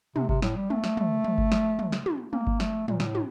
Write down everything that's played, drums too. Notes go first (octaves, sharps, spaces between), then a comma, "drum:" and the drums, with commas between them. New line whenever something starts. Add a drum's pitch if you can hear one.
C3, drum: tom
C3, drum: kick G1
A2, drum: snare
G3
A3, drum: tom
drum: snare
drum: tom
drum: tom
drum: kick G1
drum: snare
drum: tom
drum: snare
drum: tom
A#3, drum: tom
drum: kick G1
A3, drum: snare
A#2, drum: tom
A#2, drum: snare
A2
drum: tom